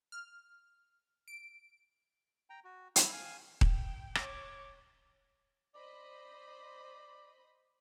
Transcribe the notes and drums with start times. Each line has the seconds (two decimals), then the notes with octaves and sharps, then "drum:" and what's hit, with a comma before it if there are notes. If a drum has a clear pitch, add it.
0.12 F6
1.28 D7
2.50 G5 A#5
2.65 F#4
2.96 E4, drum: hi-hat
3.12 F5 G#5
3.61 G5, drum: kick D#1
4.15 C#5 D6, drum: rim click
5.75 C5 D5 D#5 B5